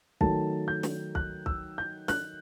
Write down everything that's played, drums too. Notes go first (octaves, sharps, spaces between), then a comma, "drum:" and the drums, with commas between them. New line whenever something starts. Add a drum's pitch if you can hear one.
D#3 F#3 A3 A5, drum: kick
G6
drum: snare
F#6, drum: kick
E6, drum: kick
G6
F#6, drum: snare